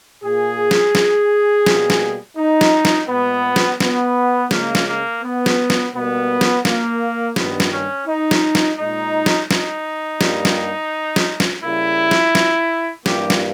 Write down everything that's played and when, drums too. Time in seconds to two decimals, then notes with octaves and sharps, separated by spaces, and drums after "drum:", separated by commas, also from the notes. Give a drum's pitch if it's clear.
0.23 A#2 A#3 G#4
0.71 drum: snare
0.95 drum: snare
1.66 B2 G3 A#3, drum: snare
1.90 drum: snare
2.37 D#4
2.61 drum: snare
2.85 drum: snare
3.08 A#2 G#3 B3
3.56 drum: snare
3.80 B3, drum: snare
4.51 C#3 G#3 A#3, drum: snare
4.75 drum: snare
4.87 A#3
5.23 B3
5.46 drum: snare
5.70 drum: snare
5.93 B2 G3 A#3 B3
6.41 drum: snare
6.65 A#3, drum: snare
7.36 G2 D#3 G3 A#3 B3, drum: snare
7.60 drum: snare
7.71 C#4
8.07 D#4
8.31 drum: snare
8.55 drum: snare
8.78 A#2 G#3 D#4
9.26 drum: snare
9.51 D#4, drum: snare
10.21 G2 G3 A#3, drum: snare
10.45 drum: snare
11.16 drum: snare
11.40 drum: snare
11.63 C#3 G3 A#3 E4
12.11 drum: snare
12.35 drum: snare
13.06 G2 E3 G3 A#3 G4, drum: snare
13.30 drum: snare